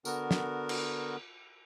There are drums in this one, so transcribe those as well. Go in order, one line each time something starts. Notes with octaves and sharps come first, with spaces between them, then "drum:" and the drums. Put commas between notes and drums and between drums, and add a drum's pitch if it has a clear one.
D3 B3 F#4 A#4, drum: tambourine
drum: snare
drum: cymbal